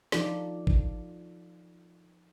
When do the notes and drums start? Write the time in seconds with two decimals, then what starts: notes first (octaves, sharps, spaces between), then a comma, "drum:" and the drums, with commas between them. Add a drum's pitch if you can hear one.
0.12 F3 D#4 F4 A4 D5, drum: snare
0.67 drum: kick G#1